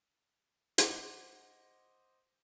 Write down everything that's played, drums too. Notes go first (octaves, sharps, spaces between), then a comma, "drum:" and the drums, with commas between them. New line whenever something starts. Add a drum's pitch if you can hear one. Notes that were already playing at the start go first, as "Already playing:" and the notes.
C5 D#5 F#5 D6, drum: hi-hat